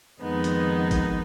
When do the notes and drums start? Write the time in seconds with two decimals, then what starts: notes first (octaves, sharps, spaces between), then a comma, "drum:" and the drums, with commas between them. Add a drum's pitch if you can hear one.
0.21 F2 D#3 G#3 B3 D#4
0.44 drum: hi-hat
0.91 drum: kick, hi-hat